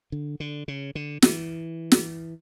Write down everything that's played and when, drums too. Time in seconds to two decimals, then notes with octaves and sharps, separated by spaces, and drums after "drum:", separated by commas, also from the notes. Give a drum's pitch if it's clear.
0.12 D3
0.40 D3
0.68 C#3
0.95 D3
1.22 E3, drum: snare
1.92 drum: snare